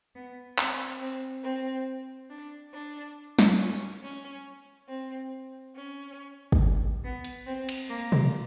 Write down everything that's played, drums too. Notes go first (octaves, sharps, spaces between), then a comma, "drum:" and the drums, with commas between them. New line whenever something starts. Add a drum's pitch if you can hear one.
B3
C4, drum: clap
C4
C4
D4
D4
drum: snare
C#4
C#4
C4
C#4
drum: kick
B3
drum: hi-hat
C4
drum: cymbal
A#3
drum: tom B2